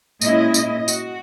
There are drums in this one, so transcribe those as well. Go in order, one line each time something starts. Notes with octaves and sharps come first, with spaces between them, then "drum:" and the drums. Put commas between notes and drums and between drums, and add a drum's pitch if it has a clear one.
A#2 G#3 C#4 E4 D#5, drum: tambourine
D#5, drum: tambourine
F#4, drum: tambourine